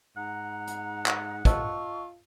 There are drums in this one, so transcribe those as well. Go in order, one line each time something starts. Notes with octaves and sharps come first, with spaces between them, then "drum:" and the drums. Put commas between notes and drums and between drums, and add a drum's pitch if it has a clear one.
G#2 F#5 A#5
drum: hi-hat
drum: clap
F4 D#5 A5 C#6 E6, drum: kick, hi-hat